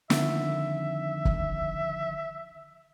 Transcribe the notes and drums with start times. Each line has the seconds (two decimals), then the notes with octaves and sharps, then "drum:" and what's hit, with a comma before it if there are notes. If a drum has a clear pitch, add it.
0.10 F2 D3 D#3 E5, drum: snare
1.25 drum: kick